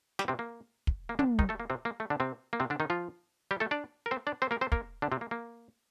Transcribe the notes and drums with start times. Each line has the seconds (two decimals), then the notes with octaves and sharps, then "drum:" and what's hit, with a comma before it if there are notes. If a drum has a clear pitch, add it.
0.19 G3 G4, drum: snare
0.28 C3 C4
0.39 A#3
0.87 drum: kick
1.09 A#3
1.19 D3 D4, drum: tom
1.39 D#3 D#4, drum: kick
1.49 A3 A4
1.60 A#3
1.70 C3 C4
1.85 A#3
2.00 A3
2.10 D3 D4
2.20 C3 C4
2.53 A#3
2.60 C3 C4
2.70 D3 D4
2.80 D#3 D#4
2.90 F3 F4
3.51 G3 G4
3.60 A3 A4
3.71 D4 D5
4.06 A#4
4.11 C4 C5
4.27 D4 D5
4.42 C4 C5
4.51 A#3 A#4
4.61 C4 C5
4.72 A#3 A#4, drum: kick
5.02 D3 D4
5.12 C3 C4
5.21 A#3
5.31 A#3